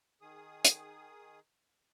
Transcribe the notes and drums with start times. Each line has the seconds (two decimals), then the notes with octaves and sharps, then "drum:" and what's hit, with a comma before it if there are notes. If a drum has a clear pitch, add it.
0.21 D#3 G#4 D#6
0.65 drum: hi-hat